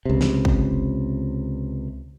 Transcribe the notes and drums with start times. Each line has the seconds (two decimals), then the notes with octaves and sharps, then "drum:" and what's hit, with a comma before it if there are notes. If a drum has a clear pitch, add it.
0.05 C#2 C3
0.21 drum: snare
0.45 drum: kick